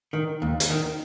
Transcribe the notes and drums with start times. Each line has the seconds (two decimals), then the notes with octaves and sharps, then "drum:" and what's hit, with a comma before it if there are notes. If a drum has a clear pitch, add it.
0.13 D#3
0.42 D#2
0.60 drum: hi-hat
0.70 D#3